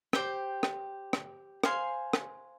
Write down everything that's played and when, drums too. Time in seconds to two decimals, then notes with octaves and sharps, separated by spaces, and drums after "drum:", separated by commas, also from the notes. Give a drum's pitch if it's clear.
0.13 G4 C5 G5, drum: rim click
0.63 drum: rim click
1.13 drum: rim click
1.63 C5 F5 G#5 C6, drum: rim click
2.13 drum: rim click